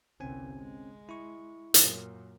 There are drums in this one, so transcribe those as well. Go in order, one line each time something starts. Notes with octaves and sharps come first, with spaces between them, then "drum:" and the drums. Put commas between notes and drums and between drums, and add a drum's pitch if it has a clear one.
G1 C2 C4 C#4 G#5
G#3
E4 C#6
F#2 A#2, drum: hi-hat